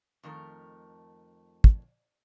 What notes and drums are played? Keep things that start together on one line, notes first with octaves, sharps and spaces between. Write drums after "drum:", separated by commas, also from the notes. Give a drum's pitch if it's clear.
F2 D#3 A3 A#4
drum: kick